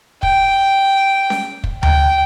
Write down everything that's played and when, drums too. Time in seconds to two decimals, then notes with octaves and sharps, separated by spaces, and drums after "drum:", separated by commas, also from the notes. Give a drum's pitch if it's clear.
0.23 G5, drum: kick
1.30 drum: snare C#4
1.64 drum: kick
1.83 G5, drum: tom D2